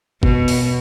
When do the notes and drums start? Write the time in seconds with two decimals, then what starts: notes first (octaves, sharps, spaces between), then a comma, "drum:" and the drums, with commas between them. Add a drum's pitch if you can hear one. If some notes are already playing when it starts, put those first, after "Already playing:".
0.23 B2, drum: kick G1
0.48 drum: open hi-hat